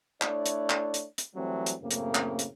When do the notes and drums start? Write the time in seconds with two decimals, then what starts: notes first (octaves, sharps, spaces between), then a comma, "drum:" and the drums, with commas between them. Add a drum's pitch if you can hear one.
0.21 A3 D4 E4 C#5 D5, drum: clap
0.46 drum: hi-hat
0.70 drum: clap
0.94 drum: hi-hat
1.18 drum: hi-hat
1.36 E3 F#3 G3 A3 C4
1.66 drum: hi-hat
1.81 F#2 A2 C#3 A3 A#3 C4
1.91 drum: hi-hat
2.15 drum: clap
2.39 drum: hi-hat